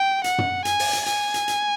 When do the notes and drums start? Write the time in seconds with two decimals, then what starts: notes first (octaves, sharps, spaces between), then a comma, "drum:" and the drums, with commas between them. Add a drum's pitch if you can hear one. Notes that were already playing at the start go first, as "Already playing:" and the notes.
Already playing: G5
0.24 F#5, drum: hi-hat
0.38 drum: tom
0.65 G#5, drum: hi-hat
0.79 drum: open hi-hat
0.93 drum: hi-hat
1.06 G#5, drum: hi-hat
1.34 drum: hi-hat
1.48 drum: hi-hat